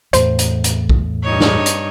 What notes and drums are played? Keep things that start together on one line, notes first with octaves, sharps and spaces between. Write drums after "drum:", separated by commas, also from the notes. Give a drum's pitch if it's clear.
E2 A2 C5, drum: hi-hat
drum: hi-hat
drum: hi-hat
drum: kick
G2 D#4 C#5
drum: snare
drum: hi-hat